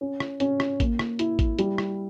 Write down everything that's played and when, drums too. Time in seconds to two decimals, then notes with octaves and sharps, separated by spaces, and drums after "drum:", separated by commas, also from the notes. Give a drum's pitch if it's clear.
0.01 C#4
0.20 drum: rim click
0.40 C#4, drum: hi-hat
0.60 drum: rim click
0.80 A#3, drum: kick A1, hi-hat
0.99 drum: rim click
1.19 E4, drum: hi-hat
1.39 drum: kick A1, hi-hat
1.59 G3, drum: hi-hat
1.78 drum: rim click